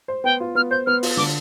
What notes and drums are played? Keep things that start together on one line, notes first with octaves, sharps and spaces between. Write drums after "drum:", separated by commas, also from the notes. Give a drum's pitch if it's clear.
C5
B3 G5
F4
B3 F6
C5 G6
B3 F6
F4, drum: open hi-hat
D3 D6